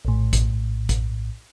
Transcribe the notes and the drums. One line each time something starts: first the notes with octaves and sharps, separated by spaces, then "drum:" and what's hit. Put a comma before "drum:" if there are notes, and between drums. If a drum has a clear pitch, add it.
A#1 A2
drum: kick A1, hi-hat
drum: kick A1, hi-hat